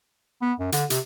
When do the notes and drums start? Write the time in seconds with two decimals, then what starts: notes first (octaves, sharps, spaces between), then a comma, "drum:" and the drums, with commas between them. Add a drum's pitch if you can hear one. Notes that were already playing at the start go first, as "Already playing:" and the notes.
0.42 B3
0.60 F#2
0.72 D3, drum: hi-hat
0.90 C3, drum: hi-hat